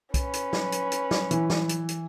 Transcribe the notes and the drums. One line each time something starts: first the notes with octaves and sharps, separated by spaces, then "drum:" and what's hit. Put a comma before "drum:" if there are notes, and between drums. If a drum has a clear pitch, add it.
C#4 B4, drum: kick B1, hi-hat
drum: hi-hat
drum: snare
drum: hi-hat
drum: hi-hat
drum: snare
E3, drum: hi-hat
drum: snare
drum: hi-hat
drum: hi-hat